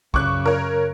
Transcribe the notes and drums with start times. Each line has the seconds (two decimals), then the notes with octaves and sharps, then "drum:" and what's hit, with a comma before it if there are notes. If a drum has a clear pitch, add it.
0.14 F#2 C#3 C#6 D6 F#6, drum: kick
0.46 A#4 C#5